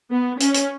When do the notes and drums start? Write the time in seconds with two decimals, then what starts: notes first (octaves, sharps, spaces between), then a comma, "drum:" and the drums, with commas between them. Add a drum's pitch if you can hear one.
0.11 B3
0.40 C#4, drum: hi-hat
0.54 drum: hi-hat